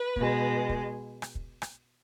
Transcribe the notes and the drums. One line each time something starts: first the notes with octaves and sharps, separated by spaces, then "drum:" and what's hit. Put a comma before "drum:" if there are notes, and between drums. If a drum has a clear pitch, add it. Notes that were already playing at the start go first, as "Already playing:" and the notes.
Already playing: B4
B2 G#3, drum: kick
drum: kick
drum: rim click
drum: kick
drum: rim click